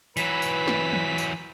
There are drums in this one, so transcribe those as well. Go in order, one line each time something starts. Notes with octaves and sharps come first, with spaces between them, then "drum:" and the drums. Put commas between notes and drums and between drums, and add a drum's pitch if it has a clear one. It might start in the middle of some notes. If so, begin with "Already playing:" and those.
E3 F#3 B4 B6, drum: tambourine
drum: tambourine
drum: snare
drum: tom
drum: tambourine